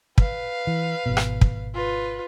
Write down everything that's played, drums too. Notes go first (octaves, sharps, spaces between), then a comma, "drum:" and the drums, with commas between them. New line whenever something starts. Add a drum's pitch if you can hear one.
B4 F5, drum: kick
E3
G#1 B2
drum: rim click
drum: kick
F4 B4